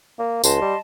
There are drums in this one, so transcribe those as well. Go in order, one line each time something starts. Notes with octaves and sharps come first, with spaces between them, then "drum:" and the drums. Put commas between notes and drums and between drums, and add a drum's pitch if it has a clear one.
A#3
C#2 D#5 A5 C6, drum: tambourine
G3